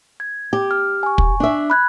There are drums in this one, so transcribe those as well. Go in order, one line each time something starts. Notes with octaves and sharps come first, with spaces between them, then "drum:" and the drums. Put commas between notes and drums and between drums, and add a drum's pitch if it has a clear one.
G#6
G4
F6
G#5 C#6
drum: kick
D4 E5
B5 F#6 G#6